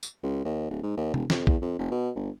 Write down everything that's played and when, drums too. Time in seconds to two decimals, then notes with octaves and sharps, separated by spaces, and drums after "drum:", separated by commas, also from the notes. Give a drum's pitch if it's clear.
0.03 drum: tambourine
0.23 C#2
0.45 D#2
0.70 D1
0.83 G#2
0.97 D#2
1.14 E1, drum: tom C3
1.30 F2, drum: snare
1.47 E2, drum: kick A#1
1.62 F2
1.79 F1
1.91 B2
2.16 G1